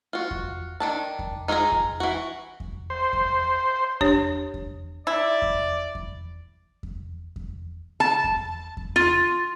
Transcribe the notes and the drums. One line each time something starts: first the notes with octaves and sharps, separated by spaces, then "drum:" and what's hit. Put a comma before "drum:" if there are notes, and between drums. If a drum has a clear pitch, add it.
F4 F#4
drum: kick E2
D#3 D4 A5
drum: kick E2
D#4 F4 G#4 A#4 A#5
drum: kick E2
E3 F#4
drum: kick E2
C5
drum: kick E2
D4 G4 C#5, drum: kick E2
drum: kick E2
E4 D5
drum: kick E2
drum: kick E2
drum: kick E2
drum: kick E2
A5
drum: kick E2
drum: kick E2
F4